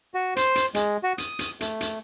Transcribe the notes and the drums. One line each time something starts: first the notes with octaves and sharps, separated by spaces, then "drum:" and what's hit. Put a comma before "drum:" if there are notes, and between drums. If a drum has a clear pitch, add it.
F#4
C5, drum: hi-hat
drum: hi-hat
G#3, drum: hi-hat
F#4
D#6, drum: hi-hat
drum: hi-hat
A3, drum: hi-hat
drum: hi-hat